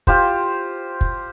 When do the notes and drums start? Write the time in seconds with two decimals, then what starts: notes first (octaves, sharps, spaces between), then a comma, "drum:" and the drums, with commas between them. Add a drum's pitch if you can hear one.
0.07 F4 G4 C5, drum: kick
1.01 drum: kick